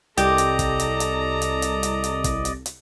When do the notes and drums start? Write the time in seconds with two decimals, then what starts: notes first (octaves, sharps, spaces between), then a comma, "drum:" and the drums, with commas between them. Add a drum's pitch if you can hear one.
0.17 C2 G4 A4 D5 D#5 A#5, drum: hi-hat
0.38 drum: hi-hat
0.59 drum: kick, hi-hat
0.80 drum: hi-hat
1.00 drum: hi-hat
1.42 drum: hi-hat
1.62 drum: hi-hat
1.83 drum: hi-hat
2.04 drum: hi-hat
2.24 drum: kick, hi-hat
2.45 drum: hi-hat
2.66 drum: hi-hat